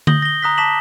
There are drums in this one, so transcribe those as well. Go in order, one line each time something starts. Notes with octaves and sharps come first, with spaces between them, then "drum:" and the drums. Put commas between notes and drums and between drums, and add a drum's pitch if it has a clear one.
D#6 G6 A#6 F#7 G7, drum: tom D3
A#6 G7
A#5 D#6 F#6 A#6 B6
A5 D6 B6 E7 F#7